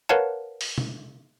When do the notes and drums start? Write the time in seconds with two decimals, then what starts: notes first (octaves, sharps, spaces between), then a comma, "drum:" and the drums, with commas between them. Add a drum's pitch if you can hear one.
0.09 A#4 B4 C#5 F5 F#5 A5
0.61 drum: open hi-hat
0.78 drum: tom B2